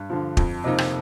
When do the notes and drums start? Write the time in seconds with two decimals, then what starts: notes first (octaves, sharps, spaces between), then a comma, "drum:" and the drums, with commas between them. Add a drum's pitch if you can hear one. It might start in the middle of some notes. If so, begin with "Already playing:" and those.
Already playing: G2
0.10 D3 F3
0.37 F2, drum: kick
0.64 C3 F3 A#3 D#4
0.78 drum: rim click